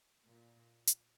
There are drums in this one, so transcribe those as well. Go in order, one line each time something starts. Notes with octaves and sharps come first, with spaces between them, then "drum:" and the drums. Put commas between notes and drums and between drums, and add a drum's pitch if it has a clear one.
A#2
drum: hi-hat